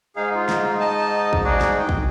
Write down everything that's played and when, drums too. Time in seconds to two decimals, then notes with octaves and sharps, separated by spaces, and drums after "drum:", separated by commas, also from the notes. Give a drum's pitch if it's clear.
0.16 G#2 D#4 G#4 F5
0.35 F4
0.49 drum: snare
0.80 D#5 A5
1.33 drum: kick
1.45 F#4 G#4 D5
1.61 drum: snare
1.80 G5
1.89 drum: kick